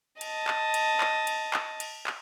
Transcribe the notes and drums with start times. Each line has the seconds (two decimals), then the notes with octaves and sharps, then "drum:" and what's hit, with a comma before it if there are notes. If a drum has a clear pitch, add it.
0.21 D#5 A5, drum: cymbal
0.48 drum: clap
0.74 drum: cymbal
1.01 drum: clap
1.27 drum: cymbal
1.54 drum: clap
1.80 drum: cymbal
2.07 drum: clap